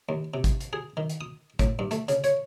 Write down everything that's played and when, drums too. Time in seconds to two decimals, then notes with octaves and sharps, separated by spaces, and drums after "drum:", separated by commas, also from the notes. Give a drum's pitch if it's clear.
0.09 D#2
0.34 C3
0.44 drum: kick, hi-hat
0.60 drum: hi-hat
0.73 G#4
0.97 D#3
1.10 drum: hi-hat
1.21 D#6
1.59 A2, drum: kick, hi-hat
1.79 G2
1.91 A3, drum: hi-hat
2.08 C#3, drum: hi-hat
2.24 C#5, drum: hi-hat